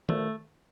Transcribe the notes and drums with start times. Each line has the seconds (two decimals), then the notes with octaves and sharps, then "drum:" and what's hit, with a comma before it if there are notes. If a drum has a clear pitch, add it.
0.09 A#1 A3, drum: tom D#3